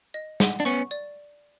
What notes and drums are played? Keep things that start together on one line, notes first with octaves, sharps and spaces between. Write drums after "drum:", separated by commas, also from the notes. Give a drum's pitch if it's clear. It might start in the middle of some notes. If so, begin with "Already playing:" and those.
D#5
F#5, drum: snare
D4
B3 C#4 C#6
D5